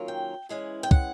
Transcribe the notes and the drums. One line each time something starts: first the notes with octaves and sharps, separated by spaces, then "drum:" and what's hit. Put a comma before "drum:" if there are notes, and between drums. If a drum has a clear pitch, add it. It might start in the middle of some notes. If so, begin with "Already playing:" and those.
Already playing: D#3 F#3 A#3 C#4 F4
G5
E3 G#3 C#4 E4
G5
F#5, drum: kick